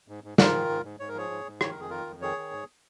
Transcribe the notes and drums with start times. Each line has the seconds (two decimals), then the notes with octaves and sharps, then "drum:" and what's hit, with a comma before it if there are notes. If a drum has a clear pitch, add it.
0.08 G#2
0.24 G#2
0.38 G#2 F4 A#4, drum: snare
0.54 D#3
0.69 G#2
0.84 G#2
1.00 G#2 C#5
1.08 A#4
1.14 F3 G#4 C#5
1.30 G#2
1.45 G#2
1.61 D#3 C#5, drum: rim click
1.71 A#4
1.76 F2 G#4
1.90 D#3 F4 A#4
2.06 F2
2.21 D#3 G#4 C#5
2.37 D#3
2.52 G#2